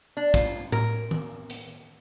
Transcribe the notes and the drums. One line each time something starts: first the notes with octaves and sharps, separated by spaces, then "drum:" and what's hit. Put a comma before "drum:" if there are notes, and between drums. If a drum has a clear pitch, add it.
D4
F4, drum: kick, hi-hat
A#4, drum: tom A2
drum: tom D#3
drum: hi-hat